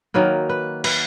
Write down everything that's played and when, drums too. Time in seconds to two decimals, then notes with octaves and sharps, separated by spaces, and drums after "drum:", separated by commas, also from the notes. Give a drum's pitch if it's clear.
0.14 D#3 F#3 A#3 B4
0.49 B4
0.84 B4, drum: cymbal